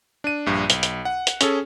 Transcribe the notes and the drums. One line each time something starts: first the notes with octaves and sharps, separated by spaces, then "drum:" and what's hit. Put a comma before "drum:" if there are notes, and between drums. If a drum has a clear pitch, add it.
D4 D#7
A#1 G2
B1, drum: hi-hat
drum: hi-hat
F#5
drum: hi-hat
C#4 G#4 A4, drum: hi-hat